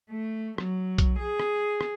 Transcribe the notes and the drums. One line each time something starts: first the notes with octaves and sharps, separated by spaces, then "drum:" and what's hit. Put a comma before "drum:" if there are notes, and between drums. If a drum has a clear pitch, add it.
A3
F#3, drum: rim click
drum: kick B1, hi-hat
G#4
drum: rim click
drum: rim click